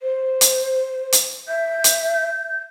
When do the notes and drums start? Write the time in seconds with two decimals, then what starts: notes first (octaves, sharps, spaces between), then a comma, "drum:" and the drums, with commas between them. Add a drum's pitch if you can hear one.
0.02 C5
0.41 drum: hi-hat
1.13 drum: hi-hat
1.48 E5 G6
1.84 drum: hi-hat